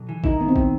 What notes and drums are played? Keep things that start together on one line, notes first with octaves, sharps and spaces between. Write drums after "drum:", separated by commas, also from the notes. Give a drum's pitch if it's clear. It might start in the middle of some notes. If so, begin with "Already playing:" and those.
Already playing: B1
E3
D#4 E4, drum: kick A1
D#3 B3
C4
D#3, drum: kick A1